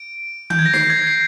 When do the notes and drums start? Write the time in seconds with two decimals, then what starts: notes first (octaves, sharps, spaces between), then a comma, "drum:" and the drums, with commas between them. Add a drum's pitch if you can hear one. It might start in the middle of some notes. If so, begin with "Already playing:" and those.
Already playing: D7
0.50 G6, drum: tom D#3
0.59 G#6
0.66 A#6
0.73 C7, drum: snare
0.90 G#6
0.99 A#6
1.07 C7